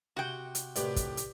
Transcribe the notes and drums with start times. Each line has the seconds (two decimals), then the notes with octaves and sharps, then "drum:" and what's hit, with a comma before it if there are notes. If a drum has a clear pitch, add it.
0.17 C3 F#4 G5
0.55 drum: hi-hat
0.76 A2 C3 D#3 G4 B4 D5, drum: hi-hat
0.96 drum: kick, hi-hat
1.17 drum: hi-hat